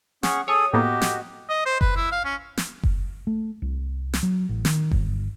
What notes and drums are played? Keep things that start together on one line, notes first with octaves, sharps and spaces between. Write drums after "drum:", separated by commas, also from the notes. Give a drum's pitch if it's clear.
C#4 G#4 F#5 C#6, drum: snare
G#4 A4 C#5 D#6
A2 A#3 B3 F#4 G4 D#5
drum: snare
D#5
C5
B4, drum: kick F#1
E4
F5
C#4
drum: snare
drum: kick F#1
A3
C2
drum: snare
F#3
A1
D#3, drum: snare
G1, drum: kick F#1